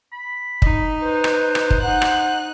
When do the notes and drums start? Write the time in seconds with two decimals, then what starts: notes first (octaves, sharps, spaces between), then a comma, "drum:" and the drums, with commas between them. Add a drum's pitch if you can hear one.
0.13 B5
0.62 D#4, drum: kick
1.02 B4 C5
1.24 drum: rim click
1.55 drum: rim click
1.71 drum: kick
1.82 D#4 F#5 F#6
2.02 drum: rim click